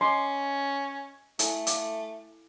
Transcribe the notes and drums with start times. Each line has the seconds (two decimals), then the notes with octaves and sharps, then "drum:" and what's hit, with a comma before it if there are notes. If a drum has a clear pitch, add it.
0.01 C#4 D#5 G#5 C6 D6
1.39 A3 E4 A4 G#5, drum: hi-hat
1.67 F5 D6, drum: hi-hat